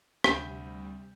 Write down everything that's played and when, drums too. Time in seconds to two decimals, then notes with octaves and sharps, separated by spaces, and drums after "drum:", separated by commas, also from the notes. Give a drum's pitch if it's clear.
0.24 D2 C3 G3 B5 G6, drum: rim click